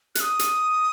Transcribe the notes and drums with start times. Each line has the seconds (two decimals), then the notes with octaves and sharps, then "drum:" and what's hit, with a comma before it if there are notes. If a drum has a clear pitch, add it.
0.15 F#6, drum: hi-hat
0.20 D#6
0.39 drum: hi-hat